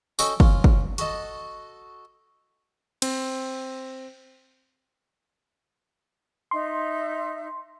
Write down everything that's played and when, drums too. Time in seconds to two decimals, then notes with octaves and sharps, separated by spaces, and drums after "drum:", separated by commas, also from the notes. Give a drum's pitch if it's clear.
0.19 C#4 F#4 A4 D#5 G5 C#6, drum: tambourine
0.40 C#4 F4, drum: kick
0.64 drum: kick
0.98 F#4 A4 D#5 A5, drum: hi-hat
3.02 C4, drum: cymbal
6.51 D#4 E5 C6